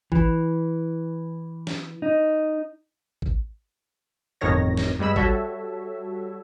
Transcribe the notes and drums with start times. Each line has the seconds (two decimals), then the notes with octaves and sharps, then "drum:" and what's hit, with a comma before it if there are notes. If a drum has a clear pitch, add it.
0.12 E3, drum: kick
1.67 drum: snare
2.02 D#4
3.22 drum: kick
4.41 G1 F2 A2 D#3 C#5 A#6
4.77 drum: snare
4.99 G2 G3 G#3 B5 E6
5.16 G3 F#4 A4 C#5 E5, drum: kick